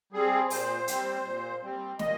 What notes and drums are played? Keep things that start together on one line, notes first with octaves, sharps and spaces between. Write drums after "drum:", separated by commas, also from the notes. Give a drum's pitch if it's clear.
G3 C4 G#4
A#2 C5, drum: open hi-hat
G3 C4, drum: hi-hat
A#2
G3 C4
A#2 D#5, drum: snare